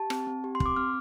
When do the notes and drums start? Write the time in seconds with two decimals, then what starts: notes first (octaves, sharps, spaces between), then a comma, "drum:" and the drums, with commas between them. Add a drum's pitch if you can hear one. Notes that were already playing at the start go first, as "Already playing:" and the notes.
Already playing: G4 A5
0.10 C4, drum: rim click
0.27 C4
0.44 G4
0.55 C6
0.60 C4, drum: kick
0.66 D6
0.76 C4 F6